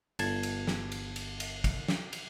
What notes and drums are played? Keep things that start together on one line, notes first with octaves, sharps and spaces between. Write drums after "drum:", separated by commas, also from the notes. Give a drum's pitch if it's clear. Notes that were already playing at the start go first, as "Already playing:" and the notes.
G1 A5 G#6, drum: cymbal
drum: cymbal
drum: snare
drum: cymbal
drum: cymbal
drum: cymbal
drum: kick, cymbal
drum: snare
drum: cymbal